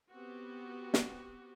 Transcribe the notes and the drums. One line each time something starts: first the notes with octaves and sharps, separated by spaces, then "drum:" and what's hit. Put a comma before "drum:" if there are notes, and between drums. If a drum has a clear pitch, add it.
B3 C4 F#4 G4
drum: snare